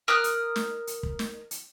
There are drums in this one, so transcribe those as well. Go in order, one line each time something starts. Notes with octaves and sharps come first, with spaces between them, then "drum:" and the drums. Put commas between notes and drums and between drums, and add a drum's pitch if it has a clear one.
A#4 D#6 F6 F#6
drum: hi-hat
drum: snare
drum: hi-hat
drum: kick
drum: snare
drum: hi-hat